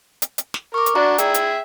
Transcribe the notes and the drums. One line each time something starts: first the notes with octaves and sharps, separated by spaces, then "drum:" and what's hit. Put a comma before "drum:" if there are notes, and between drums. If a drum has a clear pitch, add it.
drum: hi-hat
drum: hi-hat
drum: snare
A#4 C#6 D6
drum: hi-hat
D4 F#4 D5 A#5
G#4 E5 G5, drum: hi-hat
drum: hi-hat